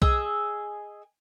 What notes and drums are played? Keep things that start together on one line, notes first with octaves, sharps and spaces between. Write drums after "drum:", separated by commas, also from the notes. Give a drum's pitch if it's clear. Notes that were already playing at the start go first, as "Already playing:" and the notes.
G#4 D#5 E6, drum: kick B1